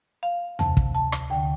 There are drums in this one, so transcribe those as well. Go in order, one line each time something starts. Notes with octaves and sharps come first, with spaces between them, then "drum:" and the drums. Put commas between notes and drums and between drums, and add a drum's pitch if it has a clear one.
F5
D2 C3 A5, drum: tom E2
drum: kick
A5
drum: rim click
D2 D3 G5